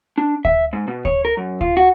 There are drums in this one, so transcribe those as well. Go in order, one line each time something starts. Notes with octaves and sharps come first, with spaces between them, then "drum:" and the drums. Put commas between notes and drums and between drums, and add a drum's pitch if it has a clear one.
D4
E5, drum: kick D2
G#2
B2
C#5, drum: kick D2
A#4
F#2
F4, drum: kick D2
F#4